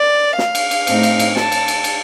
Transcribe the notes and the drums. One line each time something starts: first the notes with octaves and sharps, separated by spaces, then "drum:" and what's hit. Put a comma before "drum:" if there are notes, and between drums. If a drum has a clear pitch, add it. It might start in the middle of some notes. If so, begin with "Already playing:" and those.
Already playing: D5
F5, drum: snare
drum: cymbal
drum: cymbal
A2 A3 C4 D#4, drum: cymbal
drum: cymbal
drum: cymbal
A5, drum: snare
drum: cymbal
drum: cymbal
drum: cymbal